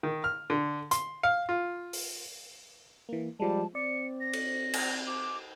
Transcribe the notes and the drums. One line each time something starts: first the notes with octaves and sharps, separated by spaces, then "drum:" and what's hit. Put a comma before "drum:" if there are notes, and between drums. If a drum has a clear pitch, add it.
D#3
F6
D3
C6, drum: hi-hat
F5
F4
drum: open hi-hat
E3 A#3
F3 G3 G#3 A5
C4 D5 C#7
A#6
drum: cymbal
drum: cymbal
D6